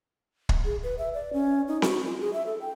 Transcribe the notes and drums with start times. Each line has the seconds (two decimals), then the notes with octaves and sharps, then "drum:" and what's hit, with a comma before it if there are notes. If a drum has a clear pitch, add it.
0.49 drum: kick
0.65 G#4
0.83 B4
0.98 E5
1.14 D5
1.33 C#4
1.68 D#4
1.82 F#4, drum: snare C4
2.07 F4
2.20 G#4
2.33 E5
2.46 A4
2.61 G5